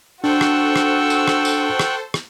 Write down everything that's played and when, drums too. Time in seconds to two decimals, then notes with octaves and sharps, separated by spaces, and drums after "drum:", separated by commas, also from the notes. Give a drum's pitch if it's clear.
0.24 D4 F#4 A4 C5 G5 C#6 E6 F#6
0.41 drum: rim click
0.76 drum: rim click
1.10 drum: tambourine
1.28 drum: rim click
1.45 drum: tambourine
1.79 drum: rim click
2.14 drum: rim click